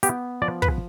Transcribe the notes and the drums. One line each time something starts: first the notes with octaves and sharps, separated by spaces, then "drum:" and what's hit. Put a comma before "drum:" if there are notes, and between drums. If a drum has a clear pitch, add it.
B3 G4, drum: hi-hat
F3 D5
B4, drum: kick